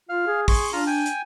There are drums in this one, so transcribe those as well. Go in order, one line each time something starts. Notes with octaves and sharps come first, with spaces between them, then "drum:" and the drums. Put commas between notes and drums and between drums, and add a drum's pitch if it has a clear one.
F4 F5
G#4
G#4 C6 C#6, drum: kick, open hi-hat
D4 F4 A#5
G5 G#5
drum: hi-hat